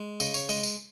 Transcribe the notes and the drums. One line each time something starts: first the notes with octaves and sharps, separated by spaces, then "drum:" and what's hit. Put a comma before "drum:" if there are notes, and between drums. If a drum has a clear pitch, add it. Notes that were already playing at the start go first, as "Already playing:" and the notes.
Already playing: G#3
C#3 D#5, drum: tambourine
C#5, drum: tambourine
G#3 D#5, drum: tambourine
drum: tambourine